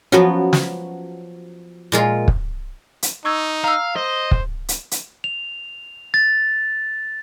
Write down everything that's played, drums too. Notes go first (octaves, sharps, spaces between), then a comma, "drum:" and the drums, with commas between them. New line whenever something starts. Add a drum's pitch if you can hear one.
F3 F#3 B3 C#4 F#4
drum: snare
A#2 G#3 F4
drum: kick
drum: hi-hat
D#4 C#6 E6 G#6
F5 A#5 E6
C5 D#5
drum: kick
drum: hi-hat
drum: hi-hat
F7
A6